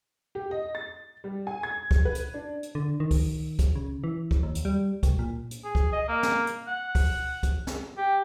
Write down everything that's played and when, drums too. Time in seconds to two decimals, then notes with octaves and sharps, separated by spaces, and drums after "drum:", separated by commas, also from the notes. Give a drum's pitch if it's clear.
0.35 G4
0.51 D#5
0.75 A6
1.24 G3
1.47 G#5
1.63 G#6
1.91 drum: kick
2.05 B4
2.15 drum: hi-hat
2.34 D4
2.63 drum: hi-hat
2.75 D3
3.00 D#3
3.11 drum: kick, open hi-hat
3.59 drum: kick, hi-hat
3.75 C#3
4.04 E3
4.31 drum: kick
4.43 D#2
4.55 drum: hi-hat
4.65 G3
5.03 C2, drum: kick, hi-hat
5.19 A#2
5.51 drum: hi-hat
5.65 G#4
5.75 drum: kick
5.93 D#5
6.08 A#3
6.23 drum: snare
6.47 drum: hi-hat
6.67 F#5
6.95 drum: kick, open hi-hat
7.43 drum: kick, hi-hat
7.67 drum: snare
7.97 G4